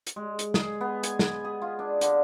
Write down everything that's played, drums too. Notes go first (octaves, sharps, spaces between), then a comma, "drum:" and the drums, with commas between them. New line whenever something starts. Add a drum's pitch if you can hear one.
drum: hi-hat
G#3
drum: hi-hat
G#4, drum: snare
B3
G#5, drum: hi-hat
drum: snare
G#4
F4
D4
D3, drum: hi-hat